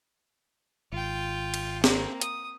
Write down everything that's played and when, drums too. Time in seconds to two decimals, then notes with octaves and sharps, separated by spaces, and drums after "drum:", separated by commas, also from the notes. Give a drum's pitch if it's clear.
0.92 G#1 F4 G5
1.54 drum: cymbal
1.84 A#3 C4, drum: snare
2.21 D#6, drum: hi-hat